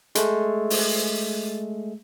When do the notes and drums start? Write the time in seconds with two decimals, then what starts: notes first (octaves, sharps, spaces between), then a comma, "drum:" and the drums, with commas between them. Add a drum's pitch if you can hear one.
0.15 G#3 A3, drum: hi-hat
0.70 drum: open hi-hat